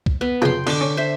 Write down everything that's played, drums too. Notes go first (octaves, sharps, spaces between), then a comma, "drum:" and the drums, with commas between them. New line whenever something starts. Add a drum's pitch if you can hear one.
drum: kick
B3
F2 C#3 F#3 G5 C6
B2 D3 D6, drum: cymbal
C#4
C5 E5